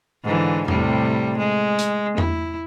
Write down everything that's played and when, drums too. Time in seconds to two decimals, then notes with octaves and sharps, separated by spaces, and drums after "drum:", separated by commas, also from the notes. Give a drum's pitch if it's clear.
0.24 G#2 D3 E3
0.68 A2 C3 G3, drum: tom E2
1.38 G#3
1.78 drum: hi-hat
2.18 E4, drum: tom E2